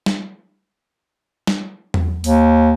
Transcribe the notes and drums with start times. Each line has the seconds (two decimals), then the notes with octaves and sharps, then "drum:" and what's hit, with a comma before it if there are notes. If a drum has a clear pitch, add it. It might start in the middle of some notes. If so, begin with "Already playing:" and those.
0.06 drum: snare
1.47 drum: snare
1.94 drum: tom E2
2.24 D#2, drum: open hi-hat